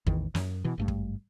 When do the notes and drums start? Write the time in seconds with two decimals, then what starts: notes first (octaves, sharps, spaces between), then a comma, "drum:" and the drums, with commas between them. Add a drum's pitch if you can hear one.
0.07 A1 E2 D#3 E3, drum: kick
0.35 F#2, drum: snare
0.64 B2 E3
0.78 G#1 G2 A3
0.88 drum: kick